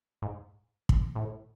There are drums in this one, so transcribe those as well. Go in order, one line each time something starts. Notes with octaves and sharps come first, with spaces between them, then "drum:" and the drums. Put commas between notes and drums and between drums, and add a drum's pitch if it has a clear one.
G#2
drum: kick
A2